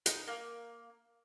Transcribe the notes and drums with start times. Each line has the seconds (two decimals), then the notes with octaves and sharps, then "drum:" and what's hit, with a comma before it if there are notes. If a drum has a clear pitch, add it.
0.06 D#4, drum: hi-hat
0.28 A#3